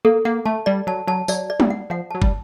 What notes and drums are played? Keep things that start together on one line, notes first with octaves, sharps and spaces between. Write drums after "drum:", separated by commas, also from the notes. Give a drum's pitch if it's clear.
A#3 A4
A#3 F#5
A3 A5
G3 D5
F#3 A5
F#3 A5
F#3 D5, drum: tambourine
D5
G3, drum: tom
F#5
F3 F#5
F#3 A5
G3, drum: kick